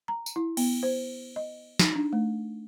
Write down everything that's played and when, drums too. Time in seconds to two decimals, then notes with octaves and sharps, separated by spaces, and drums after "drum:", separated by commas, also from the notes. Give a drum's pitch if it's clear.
0.08 A#5
0.26 drum: tambourine
0.36 E4
0.57 B3, drum: cymbal
0.83 C5
1.36 D#5
1.79 D#4, drum: snare
1.96 D4
2.13 A3